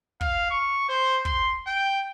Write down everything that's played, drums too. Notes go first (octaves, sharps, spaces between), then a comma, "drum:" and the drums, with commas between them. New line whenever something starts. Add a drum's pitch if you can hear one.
F5, drum: kick
C#6
C5
C6, drum: kick
G5